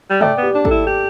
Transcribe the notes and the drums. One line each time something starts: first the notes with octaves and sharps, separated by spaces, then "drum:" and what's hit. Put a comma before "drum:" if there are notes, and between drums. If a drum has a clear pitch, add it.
G3
A3 D5 G5, drum: tom
B3 G4
D4
A4, drum: kick
E4
G4